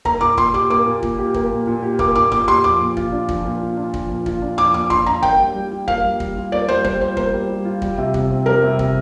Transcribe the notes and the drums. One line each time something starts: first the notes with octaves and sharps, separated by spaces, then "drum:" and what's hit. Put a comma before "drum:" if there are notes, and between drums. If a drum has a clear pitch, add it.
A#3 A#5, drum: kick
A#2 D6
A#2 C6, drum: kick
G4 D6
A#3 D6
A#2
A#2, drum: kick
G4
A#3, drum: kick
A#2
A#2
G4
A#3 D6, drum: kick
A#2 D6
A#2 D6, drum: kick
G4 C6
F3 D6
A#2
F4, drum: kick
D4
F3, drum: kick
A#2
F4
D4
F3, drum: kick
A#2
F4, drum: kick
D4
F3 D6
A#2 D6
F4 C6, drum: kick
D4 A#5
A#3 G5, drum: kick
G3
G3
F4
A#3 F5, drum: kick
G3
G3, drum: kick
F4
A#3 D5
G3 C5
G3 C5, drum: kick
F4 C5
A#3 C5, drum: kick
G3
G3
F4
G3, drum: kick
C3
C3, drum: kick
C4
G3 A#4
C3
C3, drum: kick